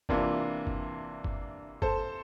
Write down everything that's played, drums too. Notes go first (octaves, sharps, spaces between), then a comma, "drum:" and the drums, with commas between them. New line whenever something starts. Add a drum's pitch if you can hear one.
C3 E3 A#3 D4 F4, drum: kick
drum: kick
drum: kick
A4 C5, drum: kick